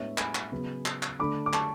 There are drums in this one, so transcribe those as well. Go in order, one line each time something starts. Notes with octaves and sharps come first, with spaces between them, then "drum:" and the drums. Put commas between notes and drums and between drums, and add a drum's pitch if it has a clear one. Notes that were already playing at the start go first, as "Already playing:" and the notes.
Already playing: A2 G#3 B3 D4 C#5 E5
G#5 B5, drum: clap
drum: clap
C#3 F#3 B3
drum: clap
drum: clap
D3 A3 D4 B5 D6
D6
A5 C#6, drum: clap